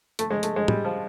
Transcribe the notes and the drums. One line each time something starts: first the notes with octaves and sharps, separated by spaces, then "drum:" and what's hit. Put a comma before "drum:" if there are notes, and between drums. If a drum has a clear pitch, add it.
A3, drum: hi-hat
G#3
A3, drum: hi-hat
G#3
G3, drum: tom
F3